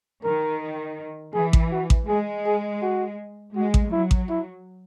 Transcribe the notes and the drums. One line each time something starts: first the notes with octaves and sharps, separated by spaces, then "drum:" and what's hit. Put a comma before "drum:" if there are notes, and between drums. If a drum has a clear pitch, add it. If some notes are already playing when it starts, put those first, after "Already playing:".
D#3 A#4
E3 G#4
drum: kick A1
F#4
drum: kick A1
G#3 G#4
G#4
F#4
G#3 F#4
drum: kick A1
F#3 E4
drum: kick A1
E4